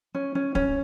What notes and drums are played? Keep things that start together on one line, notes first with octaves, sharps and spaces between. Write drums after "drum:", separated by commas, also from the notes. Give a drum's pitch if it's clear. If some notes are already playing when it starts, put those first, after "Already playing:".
C#4
C#4
C#4, drum: kick